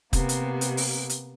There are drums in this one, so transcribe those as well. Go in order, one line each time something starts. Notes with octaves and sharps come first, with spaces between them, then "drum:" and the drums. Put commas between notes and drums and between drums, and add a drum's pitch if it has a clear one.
C3 A#3 B3, drum: kick, hi-hat
drum: hi-hat
drum: hi-hat
drum: open hi-hat
drum: hi-hat